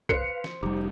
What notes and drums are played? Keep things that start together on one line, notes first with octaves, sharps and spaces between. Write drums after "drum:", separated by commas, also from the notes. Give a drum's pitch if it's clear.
B4 C5 F5 C#7, drum: kick
drum: snare
F1 G3 D#4 G4